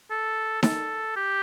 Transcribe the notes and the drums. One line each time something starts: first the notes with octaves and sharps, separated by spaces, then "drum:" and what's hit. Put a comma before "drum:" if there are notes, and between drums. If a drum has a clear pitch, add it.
A4
A4, drum: snare D#4
G4